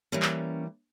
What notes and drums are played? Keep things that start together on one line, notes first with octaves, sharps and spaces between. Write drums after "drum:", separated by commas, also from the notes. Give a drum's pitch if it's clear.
E3 G3 A#3 C#4
drum: clap